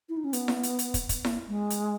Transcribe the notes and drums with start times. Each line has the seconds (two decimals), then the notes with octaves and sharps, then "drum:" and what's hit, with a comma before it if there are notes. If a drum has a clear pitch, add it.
0.09 E4
0.17 D#4
0.24 C#4
0.33 B3, drum: hi-hat
0.48 drum: snare E4
0.63 drum: hi-hat
0.79 drum: hi-hat
0.94 drum: kick, hi-hat
1.09 drum: kick, hi-hat
1.25 A#3, drum: snare E4
1.47 G#3
1.70 drum: hi-hat